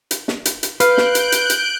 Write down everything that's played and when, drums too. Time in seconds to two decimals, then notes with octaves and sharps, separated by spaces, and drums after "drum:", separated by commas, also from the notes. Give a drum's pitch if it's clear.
0.11 drum: hi-hat
0.28 drum: snare
0.45 drum: hi-hat
0.63 drum: hi-hat
0.80 B4 F5 F#6 G6 D7, drum: hi-hat
0.98 drum: snare
1.15 drum: hi-hat
1.32 drum: hi-hat
1.50 drum: hi-hat